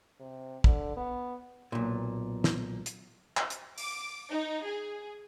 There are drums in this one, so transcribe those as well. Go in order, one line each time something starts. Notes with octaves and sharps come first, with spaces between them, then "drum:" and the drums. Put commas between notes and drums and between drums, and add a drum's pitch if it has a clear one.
C3
D3, drum: kick
B3
B1 A#2
drum: snare
drum: hi-hat
drum: clap
drum: hi-hat
D6, drum: open hi-hat
D#4
G#4